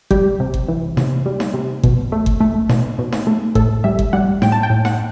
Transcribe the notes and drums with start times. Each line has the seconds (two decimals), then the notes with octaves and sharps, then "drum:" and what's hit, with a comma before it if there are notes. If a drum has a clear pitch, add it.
0.11 G3 G4, drum: kick G1
0.40 C3
0.54 drum: kick G1
0.68 E3
0.97 C3, drum: snare D#4
1.26 G3
1.40 drum: snare D#4
1.54 C3
1.83 B2, drum: kick G1
2.12 A3
2.26 drum: kick G1
2.40 A3
2.69 B2, drum: snare D#4
2.99 B2
3.12 drum: snare D#4
3.27 A3
3.55 A2 A4, drum: kick G1
3.84 G3 E5
3.99 drum: kick G1
4.13 G3 F#5
4.42 A2 G5, drum: snare D#4
4.52 A5
4.63 G5
4.70 A2
4.85 F#5, drum: snare D#4